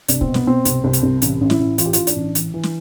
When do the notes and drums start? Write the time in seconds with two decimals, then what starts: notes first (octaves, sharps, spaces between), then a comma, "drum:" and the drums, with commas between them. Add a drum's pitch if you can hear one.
0.08 C2 D4, drum: hi-hat
0.21 C4, drum: kick
0.27 B2
0.34 B3, drum: snare
0.46 B2 C4
0.65 C2, drum: hi-hat
0.84 C2
0.93 drum: hi-hat
1.03 C2
1.22 A1, drum: hi-hat
1.41 A1
1.50 E4, drum: snare
1.59 A1
1.78 E3 F4, drum: hi-hat
1.86 G4
1.93 E3 F4, drum: hi-hat
2.07 D4, drum: hi-hat
2.16 A1
2.35 E3, drum: hi-hat
2.54 E3
2.63 drum: snare